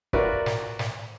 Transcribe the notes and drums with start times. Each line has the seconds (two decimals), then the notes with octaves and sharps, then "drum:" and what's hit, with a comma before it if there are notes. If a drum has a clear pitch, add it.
0.13 F4 F#4 A#4 B4 D5 E5, drum: kick
0.46 drum: snare
0.79 drum: snare